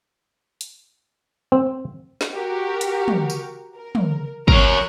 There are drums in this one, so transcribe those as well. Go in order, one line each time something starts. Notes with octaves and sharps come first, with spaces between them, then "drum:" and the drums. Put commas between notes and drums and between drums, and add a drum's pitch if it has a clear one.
drum: hi-hat
C4
drum: snare
F#4 G4 A#4
drum: hi-hat
drum: tom
drum: tambourine
A#4
drum: tom
A#4 C#5 A#5 C#6 F#6, drum: kick